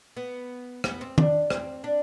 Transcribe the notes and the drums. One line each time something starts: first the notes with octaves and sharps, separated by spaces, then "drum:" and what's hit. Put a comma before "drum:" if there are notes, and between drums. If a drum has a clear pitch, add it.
B3
B3, drum: rim click
C4
D4, drum: tom D#3
C4, drum: rim click
D4